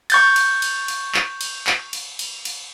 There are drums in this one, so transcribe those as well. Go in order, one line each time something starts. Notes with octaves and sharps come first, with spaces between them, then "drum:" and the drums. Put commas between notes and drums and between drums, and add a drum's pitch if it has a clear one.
C#6 G6 A6, drum: cymbal
drum: cymbal
drum: cymbal
drum: cymbal
drum: clap
drum: cymbal
drum: clap
drum: cymbal
drum: cymbal
drum: cymbal